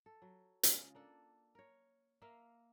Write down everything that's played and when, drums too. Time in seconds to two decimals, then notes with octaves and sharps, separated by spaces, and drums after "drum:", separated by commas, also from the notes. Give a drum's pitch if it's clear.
0.06 A4
0.22 F#3
0.63 C#3 G#3 F4, drum: hi-hat
0.95 A#3 D4 A4
1.55 A#4 C#5
2.22 A#3 E5 F5